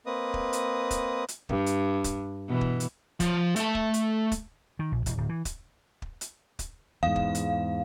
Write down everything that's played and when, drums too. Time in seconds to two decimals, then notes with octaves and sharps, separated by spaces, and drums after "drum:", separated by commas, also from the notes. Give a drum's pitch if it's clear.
0.06 A#3 C4 B4 D#5 D#6
0.34 drum: kick
0.53 drum: hi-hat
0.91 drum: kick, hi-hat
1.28 drum: hi-hat
1.49 G2, drum: kick
1.66 drum: hi-hat
2.04 drum: kick, hi-hat
2.48 B2 E3
2.61 drum: kick
2.80 drum: hi-hat
3.20 F3, drum: kick, hi-hat
3.56 A3 A5, drum: hi-hat
3.75 drum: kick
3.94 drum: hi-hat
4.32 drum: kick, hi-hat
4.79 D#3
4.92 A#1
5.06 E1, drum: hi-hat
5.18 D1
5.29 E3
5.45 drum: kick, hi-hat
6.02 drum: kick
6.21 drum: hi-hat
6.59 drum: kick, hi-hat
7.03 E2 G#2 F5
7.16 drum: kick
7.35 drum: hi-hat